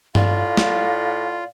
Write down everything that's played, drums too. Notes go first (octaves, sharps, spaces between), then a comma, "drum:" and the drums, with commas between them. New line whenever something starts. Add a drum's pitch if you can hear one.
A2 F4 D5 F5, drum: tom G2
drum: snare